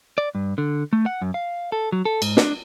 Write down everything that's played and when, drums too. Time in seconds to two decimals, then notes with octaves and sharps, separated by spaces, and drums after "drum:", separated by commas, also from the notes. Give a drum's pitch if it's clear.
0.18 D5
0.35 G2
0.58 D3
0.93 A3
1.06 F#5
1.22 F#2
1.34 F5
1.72 A4
1.92 F#3
2.05 A4
2.22 G#2, drum: cymbal
2.37 D4, drum: snare